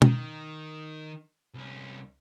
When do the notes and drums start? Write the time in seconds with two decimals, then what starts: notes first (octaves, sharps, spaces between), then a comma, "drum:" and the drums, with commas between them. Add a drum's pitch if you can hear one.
0.02 D#3, drum: tom
1.54 C2 C#4